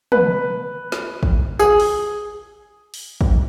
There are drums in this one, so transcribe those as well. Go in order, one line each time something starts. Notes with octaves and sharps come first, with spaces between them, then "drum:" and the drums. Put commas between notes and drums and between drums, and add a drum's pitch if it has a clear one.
B4, drum: tom
drum: snare
drum: kick
G#4, drum: tambourine
drum: open hi-hat
drum: open hi-hat
drum: kick